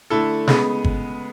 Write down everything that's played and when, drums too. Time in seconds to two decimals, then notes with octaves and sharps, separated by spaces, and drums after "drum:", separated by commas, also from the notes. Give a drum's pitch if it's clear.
0.10 D3 A3 E4 A4
0.47 C#3 G#3 B3, drum: snare
0.84 drum: kick G1